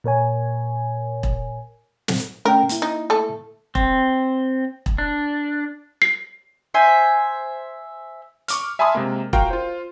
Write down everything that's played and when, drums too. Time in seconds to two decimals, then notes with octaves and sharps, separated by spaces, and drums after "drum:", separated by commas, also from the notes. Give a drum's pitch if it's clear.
0.04 A#2 A#4 C#5 G#5
1.23 drum: kick E1
2.08 drum: snare
2.45 A3 C#4 A#4 G5
2.69 A#3 E4, drum: hi-hat
2.82 D#4
3.10 A3 A4
3.75 C4, drum: kick E1
4.86 drum: kick E1
4.98 D4
6.02 C7
6.74 C5 E5 G#5
8.48 C#6 D6 F6, drum: hi-hat
8.79 E5 G#5 A5 B5 C6 D#6
8.95 C3 G#3 A#3
9.33 F4 F#4 A#4 F5 G5, drum: kick E1
9.51 F4 C5